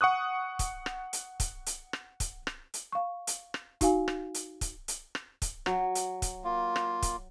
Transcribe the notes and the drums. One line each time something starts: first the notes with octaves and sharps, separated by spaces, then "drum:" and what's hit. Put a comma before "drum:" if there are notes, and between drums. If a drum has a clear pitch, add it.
F#5 C#6 D#6 F#6
drum: kick, hi-hat
drum: rim click
drum: hi-hat
drum: kick, hi-hat
drum: hi-hat
drum: rim click
drum: kick, hi-hat
drum: rim click
drum: hi-hat
F5 C#6
drum: hi-hat
drum: rim click
D#4 F#4 F5 G#5, drum: kick, hi-hat
drum: rim click
drum: hi-hat
drum: kick, hi-hat
drum: hi-hat
drum: rim click
drum: kick, hi-hat
F#3, drum: rim click
drum: hi-hat
drum: kick, hi-hat
A#3 F4
drum: rim click
drum: kick, hi-hat